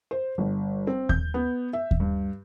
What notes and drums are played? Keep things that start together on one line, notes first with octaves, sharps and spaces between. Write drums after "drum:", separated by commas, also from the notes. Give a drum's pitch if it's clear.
C5
G1
C4
G6, drum: kick D#2
B3
E5
drum: kick D#2
G2